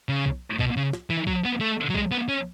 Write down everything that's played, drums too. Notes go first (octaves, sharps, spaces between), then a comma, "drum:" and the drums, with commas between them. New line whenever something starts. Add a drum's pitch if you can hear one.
C#3
drum: kick B1
B2, drum: kick B1
C#3
drum: snare
E3
F#3, drum: kick B1
B3
A3
F#3
G#3, drum: kick B1
B3
C#4